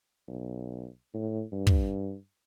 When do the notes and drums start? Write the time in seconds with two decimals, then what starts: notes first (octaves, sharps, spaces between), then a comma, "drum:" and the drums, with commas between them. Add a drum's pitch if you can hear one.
0.28 B1
1.14 A2
1.52 G2
1.67 drum: kick